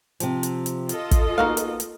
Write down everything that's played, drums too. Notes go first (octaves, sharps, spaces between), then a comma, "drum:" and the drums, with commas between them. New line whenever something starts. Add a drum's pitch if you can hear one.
C3 F3, drum: hi-hat
drum: hi-hat
drum: hi-hat
F4 A4 D#5, drum: hi-hat
drum: kick, hi-hat
A#3 B3 D#4 F#4 F5
drum: hi-hat
drum: hi-hat